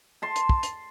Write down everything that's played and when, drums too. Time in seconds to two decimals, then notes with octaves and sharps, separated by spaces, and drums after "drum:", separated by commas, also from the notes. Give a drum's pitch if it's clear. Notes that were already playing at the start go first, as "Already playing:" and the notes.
0.22 A5 C6
0.36 drum: hi-hat
0.49 drum: kick
0.63 drum: hi-hat